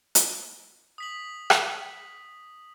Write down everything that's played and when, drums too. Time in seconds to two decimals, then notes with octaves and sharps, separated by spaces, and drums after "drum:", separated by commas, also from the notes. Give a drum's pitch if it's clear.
0.15 drum: hi-hat
0.98 D#6 B6 F#7
1.50 drum: rim click